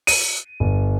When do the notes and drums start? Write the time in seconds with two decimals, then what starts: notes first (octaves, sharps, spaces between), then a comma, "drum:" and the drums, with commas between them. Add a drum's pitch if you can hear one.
0.07 D#7, drum: open hi-hat
0.60 G1